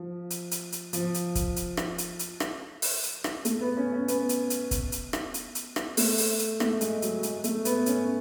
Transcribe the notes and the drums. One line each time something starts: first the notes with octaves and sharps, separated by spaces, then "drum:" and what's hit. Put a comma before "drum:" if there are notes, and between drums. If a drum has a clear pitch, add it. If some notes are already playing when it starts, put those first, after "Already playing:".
Already playing: F3
drum: hi-hat
drum: hi-hat
drum: hi-hat
F3, drum: hi-hat
drum: hi-hat
drum: kick, hi-hat
drum: hi-hat
drum: rim click
drum: hi-hat
drum: hi-hat
drum: rim click
drum: open hi-hat
drum: hi-hat
drum: rim click
A3, drum: hi-hat
B3
C#4
C#4
B3, drum: hi-hat
drum: hi-hat
drum: hi-hat
drum: kick, hi-hat
drum: hi-hat
drum: rim click
drum: hi-hat
drum: hi-hat
drum: rim click
A3, drum: open hi-hat
drum: open hi-hat
drum: hi-hat
A3, drum: rim click
G#3, drum: hi-hat
F#3, drum: hi-hat
G#3, drum: hi-hat
A3, drum: hi-hat
B3, drum: hi-hat
C#4, drum: hi-hat